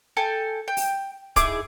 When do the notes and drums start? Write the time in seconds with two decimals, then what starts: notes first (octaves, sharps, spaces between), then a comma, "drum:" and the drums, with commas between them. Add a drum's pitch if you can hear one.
0.17 A4 G5 G#5
0.68 G5
0.77 drum: open hi-hat
1.36 D#4 E4 G#4 D6, drum: kick, hi-hat